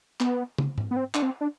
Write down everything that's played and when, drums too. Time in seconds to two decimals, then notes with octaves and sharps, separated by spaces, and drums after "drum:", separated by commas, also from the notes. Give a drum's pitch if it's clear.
0.20 B3, drum: clap
0.58 drum: tom
0.78 drum: tom G#2
0.91 B3
0.96 C4
1.15 D4, drum: clap
1.22 C4
1.41 D4